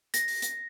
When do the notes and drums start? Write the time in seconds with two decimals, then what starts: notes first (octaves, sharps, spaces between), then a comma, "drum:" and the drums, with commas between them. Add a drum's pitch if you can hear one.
0.14 A#6, drum: hi-hat
0.28 drum: open hi-hat
0.42 drum: hi-hat